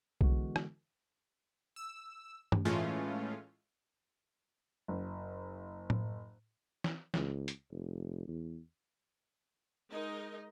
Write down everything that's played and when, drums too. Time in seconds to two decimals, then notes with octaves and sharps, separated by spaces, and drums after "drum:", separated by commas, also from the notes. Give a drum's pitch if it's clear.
0.21 D3 E3 G#3 B3 F#4, drum: kick B1
0.56 drum: rim click
1.76 E6
2.52 drum: tom G2
2.65 A2 E3 G#3 A3 C#4 F4
4.88 F#1
5.90 drum: tom A2
6.84 drum: snare
7.14 C#2, drum: snare
7.48 drum: hi-hat
7.71 F1
8.28 E2
9.91 G#3 D#4 A#4 D#5